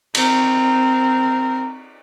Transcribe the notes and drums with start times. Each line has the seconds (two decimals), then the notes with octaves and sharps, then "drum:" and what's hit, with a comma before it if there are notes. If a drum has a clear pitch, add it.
0.15 C4 A#4, drum: cymbal